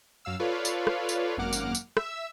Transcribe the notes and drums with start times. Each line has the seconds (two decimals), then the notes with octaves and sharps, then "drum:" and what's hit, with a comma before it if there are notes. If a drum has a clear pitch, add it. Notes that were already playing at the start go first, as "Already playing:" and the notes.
0.25 F#2 F5 E6
0.40 F4 A4 B4 C#5 D5 F5
0.65 drum: tambourine
0.87 drum: rim click
1.09 drum: tambourine
1.37 G#1 F#2 A#3 F#5 D6 F6
1.53 drum: tambourine
1.75 drum: tambourine
1.97 E5 E6, drum: rim click